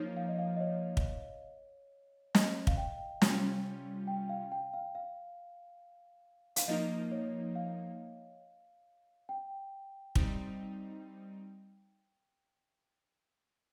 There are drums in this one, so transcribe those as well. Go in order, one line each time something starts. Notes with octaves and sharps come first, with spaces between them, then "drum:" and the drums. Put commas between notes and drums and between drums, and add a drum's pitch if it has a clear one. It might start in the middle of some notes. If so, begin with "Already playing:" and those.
Already playing: F3 A#3 D#4 C#5
F5
D#5
F5
D#5
C#5
drum: kick
D#5, drum: snare
F5, drum: kick
G5
C3 G3 C#4 F4, drum: snare
G5
F5
G5
F5
F5
F5, drum: hi-hat
F3 A#3 D#4 D#5
C#5
F5
G5
G3 C4 D#4, drum: kick